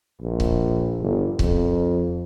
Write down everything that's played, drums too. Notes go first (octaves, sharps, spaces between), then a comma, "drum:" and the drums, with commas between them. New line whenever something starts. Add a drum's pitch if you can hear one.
A#1
drum: kick C#1
G1
F2, drum: kick C#1